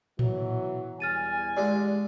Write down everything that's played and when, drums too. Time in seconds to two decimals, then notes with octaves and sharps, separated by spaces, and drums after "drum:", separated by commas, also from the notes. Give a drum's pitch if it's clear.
0.19 B2 E3 F#3, drum: tom A2
1.00 E2 G3 G#5 F6 A6 D#7
1.57 D3 G#3 G4 D5